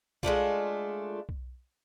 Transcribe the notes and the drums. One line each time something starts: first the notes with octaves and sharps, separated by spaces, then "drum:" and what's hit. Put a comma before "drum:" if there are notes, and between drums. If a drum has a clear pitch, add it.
G#3 A3 D4 F4, drum: kick B1
drum: kick B1